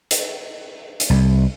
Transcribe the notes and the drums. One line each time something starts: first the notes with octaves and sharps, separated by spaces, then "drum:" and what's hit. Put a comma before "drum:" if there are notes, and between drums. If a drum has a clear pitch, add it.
drum: hi-hat
drum: hi-hat
C2